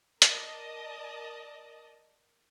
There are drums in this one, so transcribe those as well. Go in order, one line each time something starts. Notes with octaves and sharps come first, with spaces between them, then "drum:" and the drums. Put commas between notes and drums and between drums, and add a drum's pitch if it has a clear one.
A#4 D5 D#5 A5 D#6, drum: hi-hat